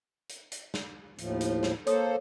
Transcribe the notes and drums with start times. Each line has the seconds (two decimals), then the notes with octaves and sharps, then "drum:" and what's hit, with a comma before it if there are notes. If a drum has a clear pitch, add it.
0.29 drum: hi-hat
0.52 drum: hi-hat
0.74 drum: snare
1.18 D#2 A2 F3, drum: hi-hat
1.41 drum: hi-hat
1.63 drum: snare
1.87 A#3 A4 C5 C#5 D#6, drum: hi-hat